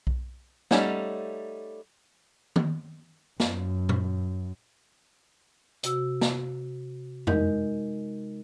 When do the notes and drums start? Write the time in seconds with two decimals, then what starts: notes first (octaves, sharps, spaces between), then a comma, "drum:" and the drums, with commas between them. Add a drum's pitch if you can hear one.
0.07 drum: kick B1
0.71 G3 A3 C#4 D#4 F#5, drum: snare
2.56 drum: tom D#3
3.40 F#2, drum: snare
3.89 drum: tom A#2
5.83 C3 F#4 E6, drum: hi-hat
6.21 drum: snare
7.27 G#3 D#4 A#4 D#5 G6, drum: tom F2